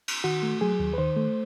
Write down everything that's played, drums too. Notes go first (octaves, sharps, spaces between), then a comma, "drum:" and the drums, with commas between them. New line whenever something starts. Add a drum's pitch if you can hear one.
drum: cymbal
D#3 F#4
A3
F#3 G#4
D#2
B4
D#3 C5
A3